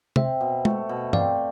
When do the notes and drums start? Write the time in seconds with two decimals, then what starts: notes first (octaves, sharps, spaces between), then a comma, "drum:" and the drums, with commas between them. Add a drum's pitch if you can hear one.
0.16 C4 C5 E5, drum: tom C3
0.41 B2
0.65 A3, drum: tom G#3
0.89 B2
1.13 C4 D5 F5, drum: tom G2